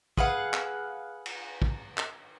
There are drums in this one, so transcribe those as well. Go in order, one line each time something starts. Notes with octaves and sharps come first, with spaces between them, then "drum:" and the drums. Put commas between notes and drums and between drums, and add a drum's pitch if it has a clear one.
G#4 B4 F5 F#5, drum: kick
drum: clap
drum: cymbal
drum: kick
drum: clap